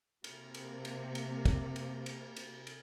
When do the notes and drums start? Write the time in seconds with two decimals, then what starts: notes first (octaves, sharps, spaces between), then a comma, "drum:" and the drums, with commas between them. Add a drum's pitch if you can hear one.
0.24 C3 A#3, drum: cymbal
0.54 drum: cymbal
0.85 drum: cymbal
1.15 drum: cymbal
1.45 drum: kick, cymbal
1.76 drum: cymbal
2.06 drum: cymbal
2.36 drum: cymbal
2.67 drum: cymbal